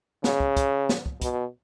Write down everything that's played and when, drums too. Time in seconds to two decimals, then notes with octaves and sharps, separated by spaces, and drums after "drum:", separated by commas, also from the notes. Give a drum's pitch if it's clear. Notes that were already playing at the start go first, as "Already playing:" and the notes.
0.24 C#3, drum: snare
0.40 drum: kick
0.57 drum: kick, hi-hat
0.89 drum: snare
1.06 drum: kick
1.22 B2, drum: kick, hi-hat